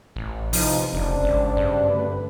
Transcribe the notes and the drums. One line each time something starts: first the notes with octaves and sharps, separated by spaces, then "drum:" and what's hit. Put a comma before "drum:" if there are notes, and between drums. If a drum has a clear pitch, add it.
A1
C3 E3 F3 D#4, drum: open hi-hat
F1 C#3 C4 D4
G#1
G2
D2 B4